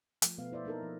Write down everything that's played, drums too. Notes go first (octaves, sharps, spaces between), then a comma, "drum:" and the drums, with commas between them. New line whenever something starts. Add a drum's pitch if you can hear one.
F3 A3, drum: hi-hat
B2 A3 B3 F5
E4 C5 D5 E5
A#3 D#4 A4 A#4
F3